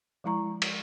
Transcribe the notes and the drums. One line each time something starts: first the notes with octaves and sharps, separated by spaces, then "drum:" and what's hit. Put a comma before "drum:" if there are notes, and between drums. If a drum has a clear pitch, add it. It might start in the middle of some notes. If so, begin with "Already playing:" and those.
F3 G#3 E4 A#5 C#6
drum: cymbal